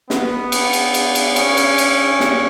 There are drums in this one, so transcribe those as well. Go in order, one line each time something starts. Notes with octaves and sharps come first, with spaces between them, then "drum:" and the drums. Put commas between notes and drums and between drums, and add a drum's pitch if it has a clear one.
B3, drum: snare
drum: cymbal
drum: cymbal
drum: cymbal
drum: cymbal
C#4, drum: cymbal
drum: cymbal
drum: cymbal
drum: snare